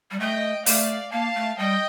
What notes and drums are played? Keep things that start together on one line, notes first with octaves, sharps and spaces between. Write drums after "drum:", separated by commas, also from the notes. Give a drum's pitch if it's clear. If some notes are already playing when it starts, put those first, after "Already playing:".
G3
A3 D#5 G5
A3 D5 F5, drum: open hi-hat
A#3 F5 A5
A3
G3 D#5 G5